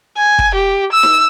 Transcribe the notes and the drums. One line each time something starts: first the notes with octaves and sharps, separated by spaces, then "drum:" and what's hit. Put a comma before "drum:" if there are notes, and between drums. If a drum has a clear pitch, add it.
G#5
drum: kick
G4
E6
drum: snare D#4